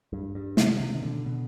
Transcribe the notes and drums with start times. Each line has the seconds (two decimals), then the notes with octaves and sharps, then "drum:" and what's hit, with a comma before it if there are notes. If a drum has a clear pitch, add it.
0.13 G2
0.35 G2
0.57 C3 D#3, drum: snare
0.80 C3 D#3
0.95 D#3
1.02 B2 D3
1.25 B2 D3